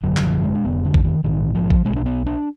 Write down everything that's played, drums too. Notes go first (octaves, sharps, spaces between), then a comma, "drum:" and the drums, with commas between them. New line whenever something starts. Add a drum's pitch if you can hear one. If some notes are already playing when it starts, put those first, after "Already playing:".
G#1 F#2 D3 F#3
D#3, drum: clap
F3
G#3
D4
F1 F2 D3 B3
D3
drum: kick A1
D#3
A#1 G#2 D#3
F3
drum: kick A1
B1 B2 G#3
D4
B3
D4